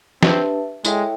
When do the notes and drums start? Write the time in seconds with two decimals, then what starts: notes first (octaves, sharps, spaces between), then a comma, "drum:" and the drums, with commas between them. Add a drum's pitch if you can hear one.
0.23 C4 D4 G4 B4 E5 A5, drum: snare
0.84 G#3 E4 A4 C#5 E5 G5, drum: tambourine